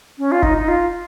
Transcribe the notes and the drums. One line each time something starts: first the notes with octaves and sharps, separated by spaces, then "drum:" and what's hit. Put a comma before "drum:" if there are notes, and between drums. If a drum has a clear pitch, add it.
C#4
F4
D#4, drum: kick
D#4
F4